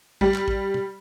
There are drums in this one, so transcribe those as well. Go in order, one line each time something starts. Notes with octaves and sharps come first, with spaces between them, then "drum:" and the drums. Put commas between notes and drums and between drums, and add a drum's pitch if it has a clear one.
G3, drum: kick
drum: clap
drum: kick
drum: tom